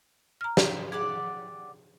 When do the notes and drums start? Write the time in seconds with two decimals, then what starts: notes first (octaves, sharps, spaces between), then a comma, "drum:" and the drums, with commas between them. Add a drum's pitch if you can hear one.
0.41 A#5 F6
0.57 C4 E5, drum: snare
0.92 G4 G#4 D5 F#5